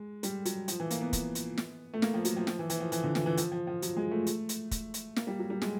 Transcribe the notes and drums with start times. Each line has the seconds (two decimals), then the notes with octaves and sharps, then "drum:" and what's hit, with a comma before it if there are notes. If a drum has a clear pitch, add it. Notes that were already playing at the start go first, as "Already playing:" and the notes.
Already playing: G#3
0.23 G3, drum: hi-hat
0.45 F#3, drum: hi-hat
0.68 F3, drum: hi-hat
0.80 E3
0.90 A#3, drum: hi-hat
1.01 B3
1.13 drum: kick, hi-hat
1.35 drum: hi-hat
1.58 drum: snare
1.94 A3
2.02 A#3, drum: snare
2.14 F3
2.25 F#3, drum: hi-hat
2.36 F3
2.47 F3, drum: snare
2.59 E3
2.70 E3, drum: hi-hat
2.80 F3
2.92 E3, drum: hi-hat
3.04 D3
3.15 E3, drum: snare
3.26 E3
3.37 F3, drum: hi-hat
3.52 F3
3.67 F3
3.82 F#3, drum: hi-hat
3.97 G#3
4.11 A3
4.27 drum: hi-hat
4.49 drum: hi-hat
4.71 drum: kick, hi-hat
4.94 drum: hi-hat
5.16 A#3, drum: snare
5.27 G3
5.39 F#3
5.50 G3
5.62 G#3, drum: snare